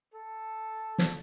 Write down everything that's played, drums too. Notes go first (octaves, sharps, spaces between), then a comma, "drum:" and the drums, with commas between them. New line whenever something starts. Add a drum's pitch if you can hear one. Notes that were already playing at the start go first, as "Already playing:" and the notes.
A4
drum: snare